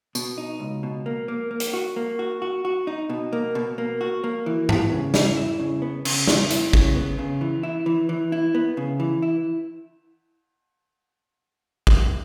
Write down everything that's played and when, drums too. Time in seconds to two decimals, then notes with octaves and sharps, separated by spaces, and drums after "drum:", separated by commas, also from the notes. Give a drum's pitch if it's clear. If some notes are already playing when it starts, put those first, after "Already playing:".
0.15 B2, drum: tambourine
0.38 D#4
0.60 C#2
0.83 B2
1.06 A#3
1.28 A#3
1.51 A#3
1.60 drum: hi-hat
1.74 F#4
1.96 A#3
2.19 F#4
2.42 F#4
2.65 F#4
2.87 D#4
3.10 B2
3.33 A#3
3.55 B2
3.78 A#3
4.01 F#4
4.24 A#3
4.46 E3
4.69 B3, drum: tom G#2
4.92 C#3
5.14 E4, drum: snare
5.37 E4
5.60 C#3
5.82 B3
6.05 C#3, drum: cymbal
6.27 B3, drum: snare
6.50 E4, drum: hi-hat
6.73 C#3, drum: kick
6.96 B3
7.18 C#3
7.41 E3
7.63 E4
7.86 E3
8.09 E3
8.32 E4
8.55 B3
8.77 C#3
9.00 E3
9.22 E4
11.87 drum: kick